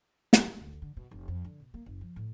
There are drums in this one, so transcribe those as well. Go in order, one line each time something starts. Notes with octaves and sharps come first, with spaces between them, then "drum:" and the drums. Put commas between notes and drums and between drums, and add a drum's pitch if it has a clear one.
drum: snare
D2
D3
B2
F1
F2
D3
B2
A#3
F#1
F3
A2